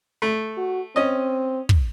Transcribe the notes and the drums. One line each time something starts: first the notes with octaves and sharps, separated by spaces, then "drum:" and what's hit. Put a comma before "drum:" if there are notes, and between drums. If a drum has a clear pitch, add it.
A3
F#4
C4 C#4 D#5
drum: kick